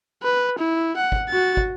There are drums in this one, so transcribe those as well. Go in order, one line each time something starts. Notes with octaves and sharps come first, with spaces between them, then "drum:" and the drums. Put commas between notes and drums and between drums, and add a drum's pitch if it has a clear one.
B4
E4
F#5
drum: kick
F#4 A6
drum: kick